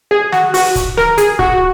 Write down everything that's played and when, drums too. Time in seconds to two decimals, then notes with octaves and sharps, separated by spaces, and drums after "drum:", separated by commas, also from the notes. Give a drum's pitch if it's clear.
0.11 G#4
0.32 F#4, drum: snare
0.54 F#4, drum: open hi-hat
0.75 drum: kick C#1, hi-hat
0.97 A#4, drum: snare
1.18 G#4, drum: hi-hat
1.39 F#4, drum: kick C#1